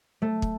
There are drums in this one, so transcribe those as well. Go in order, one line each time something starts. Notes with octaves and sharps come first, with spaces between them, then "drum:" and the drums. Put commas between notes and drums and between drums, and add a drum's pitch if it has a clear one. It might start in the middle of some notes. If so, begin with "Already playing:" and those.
A3
drum: kick